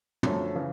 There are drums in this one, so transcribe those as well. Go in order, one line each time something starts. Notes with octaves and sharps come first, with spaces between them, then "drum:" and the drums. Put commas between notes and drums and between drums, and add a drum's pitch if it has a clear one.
F#2 D3 F3 A3 C#4, drum: tom
C#3 E3